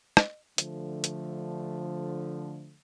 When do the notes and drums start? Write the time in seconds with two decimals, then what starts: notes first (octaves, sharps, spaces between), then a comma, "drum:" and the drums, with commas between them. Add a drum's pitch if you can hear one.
0.17 drum: rim click
0.58 D3 F3 A3, drum: hi-hat
1.04 drum: hi-hat